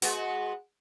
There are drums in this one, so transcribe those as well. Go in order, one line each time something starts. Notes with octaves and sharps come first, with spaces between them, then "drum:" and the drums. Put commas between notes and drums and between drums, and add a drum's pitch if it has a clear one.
G#3 B3 F#4, drum: open hi-hat